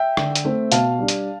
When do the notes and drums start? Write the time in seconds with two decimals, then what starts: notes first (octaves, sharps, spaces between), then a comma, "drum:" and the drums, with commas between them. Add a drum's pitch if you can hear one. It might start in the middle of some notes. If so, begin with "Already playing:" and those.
Already playing: E5 G5
0.17 D3, drum: rim click
0.35 drum: hi-hat
0.45 A3 C4
0.72 B2 F5 A5, drum: hi-hat
0.99 G3 D4
1.08 drum: hi-hat